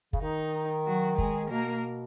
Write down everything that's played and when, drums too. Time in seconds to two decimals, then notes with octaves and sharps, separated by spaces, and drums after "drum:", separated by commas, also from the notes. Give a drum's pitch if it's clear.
0.13 C#3, drum: kick
0.22 D#3 D#4
0.86 F#3 F#4
1.18 G#3 G#4, drum: kick
1.50 B2 A#3 A#4